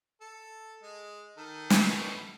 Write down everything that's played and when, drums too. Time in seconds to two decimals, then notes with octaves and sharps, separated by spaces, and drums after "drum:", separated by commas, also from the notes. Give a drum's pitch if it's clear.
0.21 A4
0.83 G#3
1.37 D#3 A4
1.70 F#2 B2, drum: snare